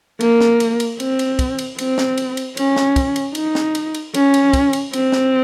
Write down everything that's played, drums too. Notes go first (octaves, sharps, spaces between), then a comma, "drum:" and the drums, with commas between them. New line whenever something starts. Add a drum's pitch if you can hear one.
A#3, drum: cymbal
drum: snare
drum: cymbal
drum: cymbal
C4, drum: cymbal
drum: cymbal
drum: kick, cymbal
drum: cymbal
C4, drum: cymbal
drum: snare
drum: cymbal
drum: cymbal
C#4, drum: cymbal
drum: snare
drum: kick, cymbal
drum: cymbal
D#4, drum: cymbal
drum: snare
drum: cymbal
drum: cymbal
C#4, drum: cymbal
drum: cymbal
drum: kick, cymbal
drum: cymbal
C4, drum: cymbal
drum: snare